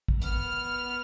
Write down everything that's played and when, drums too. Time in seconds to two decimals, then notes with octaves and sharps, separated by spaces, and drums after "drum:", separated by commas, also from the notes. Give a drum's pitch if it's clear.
0.08 drum: kick
0.22 B3 F6, drum: hi-hat